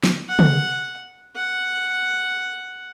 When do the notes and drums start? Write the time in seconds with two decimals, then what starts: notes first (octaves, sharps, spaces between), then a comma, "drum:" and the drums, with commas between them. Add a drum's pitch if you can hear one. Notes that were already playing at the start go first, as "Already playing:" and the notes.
0.04 drum: snare
0.29 F#5
0.39 drum: tom
1.36 F#5